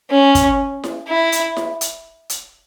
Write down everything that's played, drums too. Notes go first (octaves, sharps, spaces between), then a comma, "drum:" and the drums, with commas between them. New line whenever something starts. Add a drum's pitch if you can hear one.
C#4
drum: kick, hi-hat
drum: snare E4
E4
drum: hi-hat
drum: snare E4
drum: hi-hat
drum: hi-hat